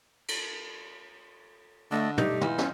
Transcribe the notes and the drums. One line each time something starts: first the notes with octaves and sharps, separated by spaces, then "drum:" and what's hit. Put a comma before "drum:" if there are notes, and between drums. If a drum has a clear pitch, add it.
drum: cymbal
D3 A3 D5 D#5
A3 D4 D#4 G4, drum: tom
E3 F4, drum: tom
C#4, drum: snare